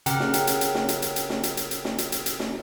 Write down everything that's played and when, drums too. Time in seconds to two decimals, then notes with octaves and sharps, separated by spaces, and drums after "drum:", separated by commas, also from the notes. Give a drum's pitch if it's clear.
0.06 C#3 G4 A#4 F#5 G5, drum: hi-hat
0.20 drum: snare
0.34 drum: hi-hat
0.47 drum: hi-hat
0.61 drum: hi-hat
0.75 drum: snare
0.89 drum: hi-hat
1.02 drum: hi-hat
1.16 drum: hi-hat
1.30 drum: snare
1.43 drum: hi-hat
1.57 drum: hi-hat
1.71 drum: hi-hat
1.85 drum: snare
1.98 drum: hi-hat
2.12 drum: hi-hat
2.26 drum: hi-hat
2.40 drum: snare